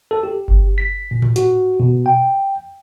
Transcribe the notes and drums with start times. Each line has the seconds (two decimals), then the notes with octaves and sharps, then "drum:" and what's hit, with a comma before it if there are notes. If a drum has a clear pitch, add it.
0.11 A4
0.23 G4
0.48 drum: kick G1
0.78 B6
1.11 A#2
1.22 drum: tom A2
1.36 F#4, drum: hi-hat
1.80 B2
2.06 G5